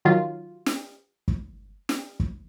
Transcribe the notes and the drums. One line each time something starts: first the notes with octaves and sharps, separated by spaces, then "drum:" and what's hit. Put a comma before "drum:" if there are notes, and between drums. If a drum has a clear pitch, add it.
D#3 F#3 F4
drum: snare
drum: kick
drum: snare
drum: kick